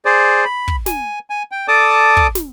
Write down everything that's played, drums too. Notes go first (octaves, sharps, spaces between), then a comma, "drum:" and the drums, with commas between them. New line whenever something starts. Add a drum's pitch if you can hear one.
G#4 C5 D5
B5
drum: kick
G#5, drum: snare
G#5
G5
A4 D5 A5 D6 D#6
drum: kick
drum: snare